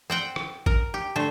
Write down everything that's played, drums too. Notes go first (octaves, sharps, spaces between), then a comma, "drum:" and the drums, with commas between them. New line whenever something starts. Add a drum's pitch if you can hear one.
C4 F#5 G5
drum: rim click
A#4, drum: kick A1
G4
D3 A3 C5